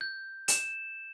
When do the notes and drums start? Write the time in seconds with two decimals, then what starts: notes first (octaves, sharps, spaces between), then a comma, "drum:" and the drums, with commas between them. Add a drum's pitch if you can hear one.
0.01 G6
0.48 E7, drum: hi-hat